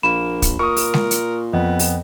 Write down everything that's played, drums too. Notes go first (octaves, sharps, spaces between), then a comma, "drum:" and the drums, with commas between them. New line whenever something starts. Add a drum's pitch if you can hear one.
A#1 A#3 B5 E7
drum: kick, hi-hat
A#2 A#4 C#6 D#6
drum: open hi-hat
drum: snare
drum: hi-hat
F2 B3
drum: open hi-hat